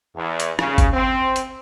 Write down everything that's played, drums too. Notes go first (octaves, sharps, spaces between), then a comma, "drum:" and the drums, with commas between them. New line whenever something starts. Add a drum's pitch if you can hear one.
E2
drum: hi-hat
C#3, drum: rim click
drum: kick G1, hi-hat
C4
drum: hi-hat